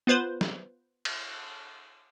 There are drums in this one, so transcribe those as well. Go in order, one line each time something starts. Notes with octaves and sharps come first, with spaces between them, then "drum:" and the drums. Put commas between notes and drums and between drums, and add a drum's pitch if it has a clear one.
B3 F4 B4 C5
drum: snare
drum: cymbal